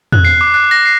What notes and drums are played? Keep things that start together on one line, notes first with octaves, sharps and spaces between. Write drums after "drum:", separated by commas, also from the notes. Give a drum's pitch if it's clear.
F#6, drum: tom
C7
D6
F#6
A#6
C7